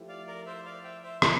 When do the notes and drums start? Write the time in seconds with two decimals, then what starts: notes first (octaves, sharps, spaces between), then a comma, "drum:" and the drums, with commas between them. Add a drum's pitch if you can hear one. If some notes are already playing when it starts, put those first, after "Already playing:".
Already playing: F3 A3 E4 G4
0.09 D5 F5
0.27 A#4 D5
0.46 C5 E5
0.65 D5 F5
0.84 E5 G5
1.03 C5 E5
1.22 A#4 D5, drum: rim click